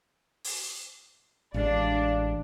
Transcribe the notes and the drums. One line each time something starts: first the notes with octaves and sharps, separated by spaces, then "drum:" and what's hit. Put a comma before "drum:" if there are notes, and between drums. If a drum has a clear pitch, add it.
drum: open hi-hat
A1 G#3 D4 D5 F5